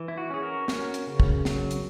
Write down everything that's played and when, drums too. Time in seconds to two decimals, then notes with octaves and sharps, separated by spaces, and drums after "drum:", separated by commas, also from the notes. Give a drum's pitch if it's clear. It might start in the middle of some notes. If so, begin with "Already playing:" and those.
Already playing: E3
0.08 E4
0.18 F#4
0.30 C#4 G#4
0.42 F#4 A#4
0.68 C#4, drum: snare
0.94 drum: hi-hat
1.07 C#3
1.20 drum: kick
1.45 F#3, drum: snare
1.71 drum: hi-hat